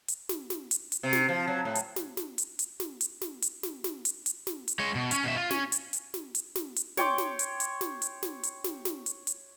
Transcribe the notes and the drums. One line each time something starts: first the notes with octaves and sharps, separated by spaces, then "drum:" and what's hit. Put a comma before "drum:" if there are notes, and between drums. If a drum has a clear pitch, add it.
drum: hi-hat
drum: snare
drum: snare
drum: hi-hat
drum: hi-hat
C3
drum: snare
F3
F#3
A2
drum: hi-hat
drum: snare
drum: snare
drum: hi-hat
drum: hi-hat
drum: snare
drum: hi-hat
drum: snare
drum: hi-hat
drum: snare
drum: snare
drum: hi-hat
drum: hi-hat
drum: snare
drum: hi-hat
G#3 C#5
B2
C#4, drum: hi-hat
B2 E5
F4
C#4, drum: snare
drum: hi-hat
drum: hi-hat
drum: snare
drum: hi-hat
drum: snare
drum: hi-hat
C#5 G5 C6 D6, drum: snare
drum: snare
drum: hi-hat
drum: hi-hat
drum: snare
drum: hi-hat
drum: snare
drum: hi-hat
drum: snare
drum: snare
drum: hi-hat
drum: hi-hat